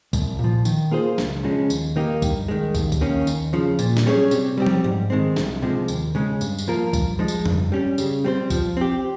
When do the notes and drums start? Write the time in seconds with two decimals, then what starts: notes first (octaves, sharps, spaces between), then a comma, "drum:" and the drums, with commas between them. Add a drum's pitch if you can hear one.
0.13 C2, drum: kick, tambourine
0.39 A#2
0.44 F3
0.65 D#3, drum: tambourine
0.91 A#3 F4 G#4 C5
1.18 C#2, drum: snare
1.43 C#3 F3 G#3 C#4
1.70 D#2, drum: tambourine
1.96 D#3 A#3 D#4 G4
2.22 G2, drum: kick, tambourine
2.48 D#3 G#3
2.75 D#2, drum: kick, tambourine
2.92 drum: kick, tambourine
3.01 D#3 A#3 C#4
3.27 D#2, drum: tambourine
3.53 C#3 F3
3.79 A#2, drum: tambourine
3.97 drum: snare
4.06 G3 C#4 G#4 C#5
4.31 C3, drum: tambourine
4.57 G3 C4 G4
4.67 drum: tom F3
4.84 G#2
5.10 D#3 G#3 C4
5.36 C2, drum: snare
5.62 C3 F3 G#3
5.88 D#2, drum: tambourine
6.15 C#3 G#3 C#4
6.41 G2, drum: tambourine
6.58 drum: tambourine
6.68 F3 A#3 F4 A#4
6.93 G2, drum: kick, tambourine
7.19 F3 G#3 D#4
7.28 drum: tambourine
7.46 G2, drum: tom F2
7.72 G3 C#4 G4
7.98 C#3, drum: tambourine
8.24 G3 C4 G4 C5
8.50 F3, drum: kick, tambourine
8.77 C4 G4